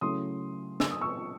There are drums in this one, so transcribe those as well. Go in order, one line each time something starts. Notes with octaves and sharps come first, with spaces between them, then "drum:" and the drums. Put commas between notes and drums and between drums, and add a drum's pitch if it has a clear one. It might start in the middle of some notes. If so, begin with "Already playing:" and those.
C#3 F#3 A3 C#4 E4 C6 D#6
E6, drum: snare
D#6
C#6 E6